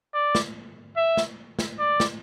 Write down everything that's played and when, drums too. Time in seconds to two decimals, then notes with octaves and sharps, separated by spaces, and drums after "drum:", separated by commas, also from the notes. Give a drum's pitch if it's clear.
0.14 D5
0.35 drum: snare
0.97 E5
1.17 drum: snare
1.59 drum: snare
1.79 D5
2.00 drum: snare